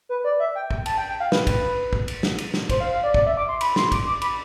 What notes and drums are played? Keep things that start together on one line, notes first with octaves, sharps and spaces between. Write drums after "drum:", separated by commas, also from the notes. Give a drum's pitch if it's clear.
B4
D5
E5
G5
G5, drum: kick
A5, drum: cymbal
G5
G5
F5
B4, drum: snare
drum: kick, cymbal
drum: kick
drum: cymbal
drum: snare
drum: cymbal
drum: snare
C5, drum: kick, cymbal
F5
F5
D5
D5, drum: kick
E5
D6
C6
B5, drum: cymbal
C6, drum: snare
D6, drum: kick, cymbal
D6
B5, drum: cymbal